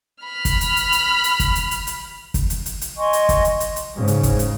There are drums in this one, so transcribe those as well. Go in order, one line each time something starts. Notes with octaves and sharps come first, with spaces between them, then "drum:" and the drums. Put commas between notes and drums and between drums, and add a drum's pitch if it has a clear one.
B5 F6
drum: kick, hi-hat
drum: hi-hat
drum: hi-hat
drum: hi-hat
drum: hi-hat
drum: kick, hi-hat
drum: hi-hat
drum: hi-hat
drum: hi-hat
drum: kick, hi-hat
drum: hi-hat
drum: hi-hat
drum: hi-hat
D#5 G#5 C6 C#6
drum: hi-hat
drum: kick, hi-hat
drum: hi-hat
drum: hi-hat
drum: hi-hat
G#2 C#3
drum: hi-hat
drum: kick, hi-hat
drum: hi-hat